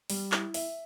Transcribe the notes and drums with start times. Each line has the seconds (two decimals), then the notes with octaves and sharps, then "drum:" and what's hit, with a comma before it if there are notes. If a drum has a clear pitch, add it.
0.10 G3, drum: open hi-hat
0.32 E4, drum: clap
0.54 E5, drum: open hi-hat